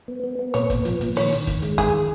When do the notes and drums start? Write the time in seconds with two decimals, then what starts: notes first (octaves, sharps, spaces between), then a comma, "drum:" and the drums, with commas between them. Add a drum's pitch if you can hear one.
0.08 B3
0.24 B3
0.39 B3
0.54 A#2 C#5, drum: hi-hat
0.70 B3, drum: kick, hi-hat
0.85 F3, drum: hi-hat
1.01 A#2, drum: hi-hat
1.16 D#3 C#5, drum: open hi-hat
1.32 D#3, drum: hi-hat
1.47 D#3, drum: kick, hi-hat
1.62 G#3, drum: hi-hat
1.78 D#3 G#4, drum: kick, hi-hat
1.94 D#3